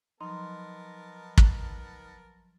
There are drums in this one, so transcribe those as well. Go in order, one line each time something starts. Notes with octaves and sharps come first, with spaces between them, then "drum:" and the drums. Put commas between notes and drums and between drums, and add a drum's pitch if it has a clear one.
F3 F#3 B3 D#4 A#4 A5 C6
drum: kick